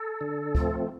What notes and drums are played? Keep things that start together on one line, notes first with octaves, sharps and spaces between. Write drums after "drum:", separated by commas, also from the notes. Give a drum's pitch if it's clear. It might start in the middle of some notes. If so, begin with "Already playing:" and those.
Already playing: A4
D3
F3 A3 C4, drum: kick